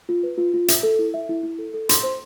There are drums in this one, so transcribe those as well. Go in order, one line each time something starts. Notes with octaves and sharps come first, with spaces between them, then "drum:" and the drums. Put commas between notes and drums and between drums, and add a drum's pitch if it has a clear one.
F4
B4
F4
F4
E5, drum: hi-hat
A4
E4
E5
E4
E4
A4
A4
C6, drum: hi-hat
C5